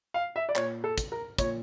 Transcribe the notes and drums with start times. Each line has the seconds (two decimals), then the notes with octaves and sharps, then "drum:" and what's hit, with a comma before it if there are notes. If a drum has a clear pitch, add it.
0.14 F5
0.36 E5
0.49 D5
0.56 A#2 C#5, drum: clap
0.84 A4
0.98 drum: kick, hi-hat
1.12 A#4
1.38 A#2 C#5, drum: kick, hi-hat